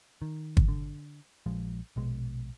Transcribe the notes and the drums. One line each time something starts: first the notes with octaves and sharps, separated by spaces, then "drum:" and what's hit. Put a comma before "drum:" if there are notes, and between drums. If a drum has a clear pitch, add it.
D#3
drum: kick G1
D3
A#1 F3 G#3
A#1 B2 G#3